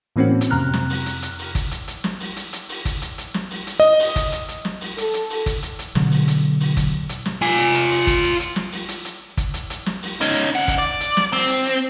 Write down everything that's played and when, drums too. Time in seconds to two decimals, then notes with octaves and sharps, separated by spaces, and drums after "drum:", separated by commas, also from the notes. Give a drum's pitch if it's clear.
0.16 A2 E3 A#3 C4 C#4 F#4
0.41 drum: hi-hat
0.50 F2 C3 A#5 F6 F#6
0.73 drum: snare
0.90 drum: open hi-hat
1.06 drum: hi-hat
1.22 drum: hi-hat
1.39 drum: open hi-hat
1.55 drum: kick, hi-hat
1.71 drum: hi-hat
1.88 drum: hi-hat
2.04 drum: snare
2.20 drum: open hi-hat
2.36 drum: hi-hat
2.53 drum: hi-hat
2.69 drum: open hi-hat
2.85 drum: kick, hi-hat
3.02 drum: hi-hat
3.18 drum: hi-hat
3.34 drum: snare
3.51 drum: open hi-hat
3.67 drum: hi-hat
3.80 D#5
4.00 drum: open hi-hat
4.16 drum: kick, hi-hat
4.32 drum: hi-hat
4.48 drum: hi-hat
4.65 drum: snare
4.81 drum: open hi-hat
4.98 A4, drum: hi-hat
5.14 drum: hi-hat
5.30 drum: open hi-hat
5.46 drum: kick, hi-hat
5.63 drum: hi-hat
5.79 drum: hi-hat
5.95 B2 D3 F#3, drum: snare
6.11 drum: open hi-hat
6.28 drum: hi-hat
6.60 drum: open hi-hat
6.77 drum: kick, hi-hat
7.09 drum: hi-hat
7.26 drum: snare
7.42 F4 G#5, drum: open hi-hat
7.58 drum: hi-hat
7.74 drum: hi-hat
7.91 drum: open hi-hat
8.07 drum: kick, hi-hat
8.23 drum: hi-hat
8.40 drum: hi-hat
8.56 drum: snare
8.72 drum: open hi-hat
8.89 drum: hi-hat
9.05 drum: hi-hat
9.37 drum: kick, hi-hat
9.54 drum: hi-hat
9.70 drum: hi-hat
9.86 drum: snare
10.03 drum: open hi-hat
10.21 C#4 D#4, drum: hi-hat
10.35 drum: hi-hat
10.55 C#3 F#5
10.68 drum: kick, hi-hat
10.78 D5
11.00 drum: hi-hat
11.17 drum: snare
11.33 C4, drum: open hi-hat
11.49 drum: hi-hat
11.66 drum: hi-hat